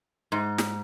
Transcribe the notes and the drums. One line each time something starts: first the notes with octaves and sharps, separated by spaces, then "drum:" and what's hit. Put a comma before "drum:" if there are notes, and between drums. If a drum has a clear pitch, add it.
G#2
drum: snare